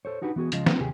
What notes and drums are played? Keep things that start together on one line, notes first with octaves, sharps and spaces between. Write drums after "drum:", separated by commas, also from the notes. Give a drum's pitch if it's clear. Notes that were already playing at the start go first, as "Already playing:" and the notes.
A4 C5 C#5
D4 D#4 F#4 G4 B4
E3 B3 F#4 G#4
C#2 C#3 F3 G#3 F4 D#5, drum: hi-hat
F3 C4 D4 E4 F4 B4, drum: snare
D#2 C3 G4 G#4